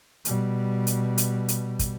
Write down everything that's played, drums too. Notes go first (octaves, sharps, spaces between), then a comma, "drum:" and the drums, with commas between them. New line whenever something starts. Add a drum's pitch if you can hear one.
B2 G3, drum: hi-hat
drum: hi-hat
drum: hi-hat
drum: hi-hat
drum: kick, hi-hat